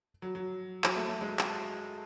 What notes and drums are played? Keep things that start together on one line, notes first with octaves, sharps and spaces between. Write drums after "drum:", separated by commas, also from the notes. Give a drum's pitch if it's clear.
F#3
F#3
F#3, drum: clap
A3
A3
G#3
drum: clap